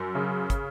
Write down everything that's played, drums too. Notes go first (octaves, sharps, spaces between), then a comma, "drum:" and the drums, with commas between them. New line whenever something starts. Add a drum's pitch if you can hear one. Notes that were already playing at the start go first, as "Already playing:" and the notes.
Already playing: F#2
C#3
drum: kick, hi-hat